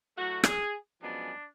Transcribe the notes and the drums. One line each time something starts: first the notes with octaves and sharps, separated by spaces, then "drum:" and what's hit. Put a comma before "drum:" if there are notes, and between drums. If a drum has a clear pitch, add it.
A2 F#3 A3 F#4
G#4, drum: rim click
F#2 F3 G#3 B3 D4